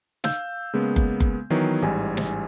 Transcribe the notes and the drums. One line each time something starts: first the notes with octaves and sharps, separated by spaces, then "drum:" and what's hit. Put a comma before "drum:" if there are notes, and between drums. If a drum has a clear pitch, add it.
F5 E6 G6, drum: snare
C#3 G#3 A#3 B3
drum: kick F#1
drum: kick F#1
D#3 E3 F#3 B3
A1 G#2 G3 G#5
drum: snare